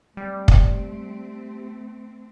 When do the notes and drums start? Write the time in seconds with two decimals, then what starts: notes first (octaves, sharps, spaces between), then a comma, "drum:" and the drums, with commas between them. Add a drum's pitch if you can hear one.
0.17 G3 A3 C4
0.48 drum: kick